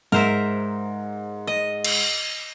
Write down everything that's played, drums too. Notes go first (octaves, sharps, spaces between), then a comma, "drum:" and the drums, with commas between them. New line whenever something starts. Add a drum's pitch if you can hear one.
G#2 A#4 C5 E5
D#5
drum: cymbal